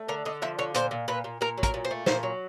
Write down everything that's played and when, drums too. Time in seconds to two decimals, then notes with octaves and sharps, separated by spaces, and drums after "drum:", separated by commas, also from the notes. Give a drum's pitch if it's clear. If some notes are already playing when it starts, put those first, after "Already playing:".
Already playing: A3
0.08 D3 A#4
0.25 D3 D#5
0.42 F3 E5
0.59 D3 C#5
0.74 A#2 C5, drum: hi-hat
0.91 A#2
1.08 A#2 B4
1.24 A#2
1.41 A#2 A#4
1.58 F#3
1.63 A#4, drum: kick, hi-hat
1.74 A#2
1.85 C5
1.91 A3
2.06 A#2 C5, drum: snare
2.23 F#3